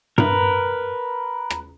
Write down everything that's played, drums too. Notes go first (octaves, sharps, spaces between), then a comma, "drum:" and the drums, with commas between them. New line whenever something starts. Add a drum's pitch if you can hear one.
A#4 B4, drum: tom G2
drum: rim click